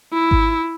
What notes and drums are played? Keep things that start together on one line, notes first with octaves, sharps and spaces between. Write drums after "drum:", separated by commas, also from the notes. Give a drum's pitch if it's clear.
E4
drum: kick G#1